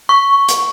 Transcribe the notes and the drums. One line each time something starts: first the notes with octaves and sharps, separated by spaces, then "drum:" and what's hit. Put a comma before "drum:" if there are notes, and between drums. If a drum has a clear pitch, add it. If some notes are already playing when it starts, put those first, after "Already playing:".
C#6
drum: hi-hat